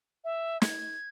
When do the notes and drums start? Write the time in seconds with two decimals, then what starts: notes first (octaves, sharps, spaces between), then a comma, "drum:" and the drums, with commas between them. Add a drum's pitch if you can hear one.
0.25 E5
0.62 G#6, drum: snare